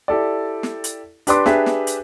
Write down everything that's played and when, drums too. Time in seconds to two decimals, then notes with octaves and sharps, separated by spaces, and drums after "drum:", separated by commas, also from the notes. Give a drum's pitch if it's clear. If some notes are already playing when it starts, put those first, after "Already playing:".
0.08 E4 G4 A4 D5
0.63 drum: snare
0.84 drum: hi-hat
1.27 D4 G4 B4 D5 C6 D6, drum: hi-hat
1.46 D4 G4 G#4 B4 E5, drum: snare
1.66 drum: snare
1.87 drum: hi-hat